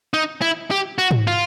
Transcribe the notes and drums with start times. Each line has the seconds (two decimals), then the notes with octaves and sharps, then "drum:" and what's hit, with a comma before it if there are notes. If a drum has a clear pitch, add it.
0.14 D#4
0.42 E4
0.71 G4
0.98 F#4
1.11 drum: tom G#2
1.27 F4